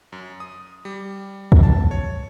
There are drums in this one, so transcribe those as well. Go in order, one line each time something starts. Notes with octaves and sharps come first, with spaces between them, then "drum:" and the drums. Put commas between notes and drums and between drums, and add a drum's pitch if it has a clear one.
F#2
D#6
G3
drum: kick
A5
C#5